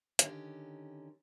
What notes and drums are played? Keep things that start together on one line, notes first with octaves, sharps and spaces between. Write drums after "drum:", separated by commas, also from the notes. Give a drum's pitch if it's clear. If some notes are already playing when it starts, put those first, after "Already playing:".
D3 D#3 C#4 G4, drum: hi-hat